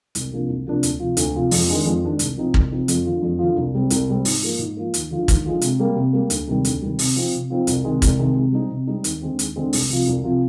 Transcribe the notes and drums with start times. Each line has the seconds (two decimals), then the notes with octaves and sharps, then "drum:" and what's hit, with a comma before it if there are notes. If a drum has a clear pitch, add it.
0.15 C2, drum: hi-hat
0.31 C3 F3 A#3 D4
0.48 C2
0.66 C3 F3 A#3 D4
0.83 D2, drum: hi-hat
1.00 C3 F3
1.17 D2, drum: hi-hat
1.35 C3 F3
1.51 F2, drum: open hi-hat
1.68 D#3 G#3 D4
1.85 F2
2.03 D#3 G#3 D4
2.19 C2, drum: hi-hat
2.36 C3 F3 C4 D#4
2.54 C2, drum: kick
2.71 C3 F3 C4 D#4
2.88 F2, drum: hi-hat
3.06 D3 F3
3.22 F2
3.39 D3 F3
3.56 C2
3.74 C3 G3 C4
3.90 C2, drum: hi-hat
4.08 C3 G3 C4
4.25 G#2, drum: open hi-hat
4.42 F3 A#3
4.59 G#2
4.77 F3 A#3
4.94 D#2, drum: hi-hat
5.11 D3 F3 G#3
5.28 D#2, drum: kick, hi-hat
5.44 D3 F3 G#3
5.61 C3, drum: hi-hat
5.79 G3 A#3
5.96 C3
6.13 G3 A#3
6.30 D2, drum: hi-hat
6.48 C3 D#3 G3
6.65 D2, drum: hi-hat
6.82 C3 D#3 G3
6.99 C3, drum: open hi-hat
7.16 F3 C4 D#4
7.33 C3
7.50 F3 C4 D#4
7.67 C2, drum: hi-hat
7.84 C3 D#3 G#3
8.02 C2, drum: kick, hi-hat
8.19 C3 D#3 G#3
8.36 C3
8.52 G3 C4 D#4
8.69 C3
8.87 G3 C4 D#4
9.04 D#2, drum: hi-hat
9.22 D3 G#3 C4
9.39 D#2, drum: hi-hat
9.56 D3 G#3 C4
9.73 C2, drum: open hi-hat
9.90 C3 F3
10.07 C2
10.24 C3 F3